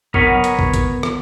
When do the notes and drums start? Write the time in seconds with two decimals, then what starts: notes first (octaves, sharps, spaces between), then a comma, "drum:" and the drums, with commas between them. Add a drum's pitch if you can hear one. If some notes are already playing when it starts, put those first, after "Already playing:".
0.14 B3 A#4 B4 C#5, drum: kick
0.44 drum: hi-hat
0.59 drum: kick
0.74 drum: kick, hi-hat
1.03 drum: rim click